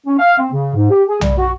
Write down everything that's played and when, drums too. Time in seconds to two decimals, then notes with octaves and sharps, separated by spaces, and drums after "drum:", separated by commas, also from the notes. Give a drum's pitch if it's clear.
0.07 C#4
0.19 F5
0.38 C4
0.52 C#3
0.75 G#2
0.90 G4
1.09 G#4
1.21 G3, drum: tom B1
1.38 F#4